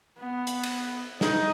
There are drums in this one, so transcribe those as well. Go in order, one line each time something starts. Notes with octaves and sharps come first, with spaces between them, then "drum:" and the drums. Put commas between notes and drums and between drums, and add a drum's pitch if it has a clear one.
B3
drum: hi-hat
drum: cymbal
D#4, drum: snare